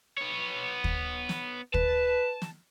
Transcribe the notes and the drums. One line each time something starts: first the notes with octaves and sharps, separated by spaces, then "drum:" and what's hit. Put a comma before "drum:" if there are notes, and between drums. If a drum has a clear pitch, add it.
B3 C#5
drum: kick
drum: snare
B4 A5, drum: kick
drum: snare